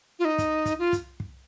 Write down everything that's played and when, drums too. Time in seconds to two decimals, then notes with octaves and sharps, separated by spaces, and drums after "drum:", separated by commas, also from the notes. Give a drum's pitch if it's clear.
0.19 F4
0.25 D#4
0.38 drum: kick, hi-hat
0.66 drum: kick, hi-hat
0.79 F4
0.93 drum: kick, hi-hat
1.20 drum: kick